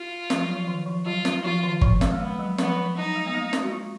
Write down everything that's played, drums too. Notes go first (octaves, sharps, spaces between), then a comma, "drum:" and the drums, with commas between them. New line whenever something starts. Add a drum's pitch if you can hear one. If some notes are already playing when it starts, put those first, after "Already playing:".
Already playing: F4
F3, drum: snare
F#3
F3
D#3
F3
F#3 F4
drum: snare
F3 F4
D#3
F3, drum: kick G1
G#3, drum: snare
A#3
G#3 B3
F#3
F3 B3, drum: snare
F3
F3
F#3 D#4
G#3
B3
A#3
G#3, drum: snare
F#4
F4